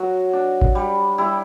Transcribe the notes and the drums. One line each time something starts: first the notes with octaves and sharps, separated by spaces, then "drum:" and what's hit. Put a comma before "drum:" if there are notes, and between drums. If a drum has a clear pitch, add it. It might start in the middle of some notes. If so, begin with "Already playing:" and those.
Already playing: F#3 F#4
D4
drum: kick G#1
G3
G3 E4